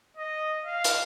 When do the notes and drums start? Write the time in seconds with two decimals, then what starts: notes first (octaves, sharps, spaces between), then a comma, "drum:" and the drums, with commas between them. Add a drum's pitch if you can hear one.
0.17 D#5
0.65 F5
0.84 drum: hi-hat